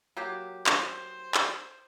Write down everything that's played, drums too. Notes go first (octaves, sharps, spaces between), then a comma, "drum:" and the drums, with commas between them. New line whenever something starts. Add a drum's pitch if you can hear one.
F#3 A#3 G4
C5, drum: clap
drum: clap